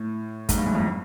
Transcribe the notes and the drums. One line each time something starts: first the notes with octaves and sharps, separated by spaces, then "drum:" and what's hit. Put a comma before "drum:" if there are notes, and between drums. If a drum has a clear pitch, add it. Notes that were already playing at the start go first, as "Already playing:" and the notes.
Already playing: A2
G#2, drum: kick, hi-hat
G2
F#2
F2